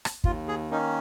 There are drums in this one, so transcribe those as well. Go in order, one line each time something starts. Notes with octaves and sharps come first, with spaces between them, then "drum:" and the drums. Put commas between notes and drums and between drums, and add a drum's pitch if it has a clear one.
drum: rim click
D#2 F4, drum: kick
G#4
D#3 A#3 C#4 D#4